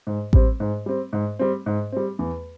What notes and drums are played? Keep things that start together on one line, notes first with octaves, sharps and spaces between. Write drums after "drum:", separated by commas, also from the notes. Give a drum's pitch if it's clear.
G#2
G3 C4, drum: kick A1
G#2
G3 C4
G#2
G3 C4
G#2
G3 C4
E2